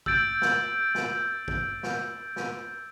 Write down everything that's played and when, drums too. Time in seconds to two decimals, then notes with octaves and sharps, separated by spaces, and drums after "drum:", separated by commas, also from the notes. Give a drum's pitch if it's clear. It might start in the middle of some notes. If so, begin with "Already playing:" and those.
0.06 E6 G6 A6 D7, drum: kick
0.42 drum: snare
0.95 drum: snare
1.48 drum: kick
1.83 drum: snare
2.36 drum: snare